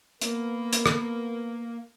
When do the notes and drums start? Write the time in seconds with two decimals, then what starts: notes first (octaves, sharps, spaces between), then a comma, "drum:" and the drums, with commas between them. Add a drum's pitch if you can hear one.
0.21 A#3 B3 A#4, drum: hi-hat
0.73 drum: hi-hat
0.86 drum: rim click